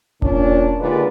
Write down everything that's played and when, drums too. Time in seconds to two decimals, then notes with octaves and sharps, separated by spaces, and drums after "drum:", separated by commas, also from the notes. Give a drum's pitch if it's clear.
0.22 A#2 C#4 D4, drum: kick E1
0.79 D#2 A#2 D3 G#3 B4 D5